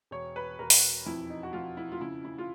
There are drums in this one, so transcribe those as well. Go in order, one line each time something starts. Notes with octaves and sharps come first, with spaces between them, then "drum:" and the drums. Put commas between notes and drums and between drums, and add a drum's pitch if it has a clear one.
E1 C#5
B4
E1 A#4
drum: open hi-hat
F2 E4
D#4
F#4
F2 F4
E4
F4
C#3 E4
E4
F4